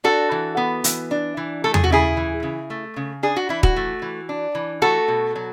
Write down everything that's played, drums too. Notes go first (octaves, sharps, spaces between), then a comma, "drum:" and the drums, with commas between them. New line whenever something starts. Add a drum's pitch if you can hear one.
D4 F#4 A4
E3
B3
E3, drum: hi-hat
D4
E3
A3 A4
G#4, drum: tom E2
F#4
C#3 E4 G#4
E3
C#3
A3
C#3
D4 G#4
F#4
E3 E4
F#4, drum: kick
A3
E3
D4
E3
A3 F#4 A4
B2
F#3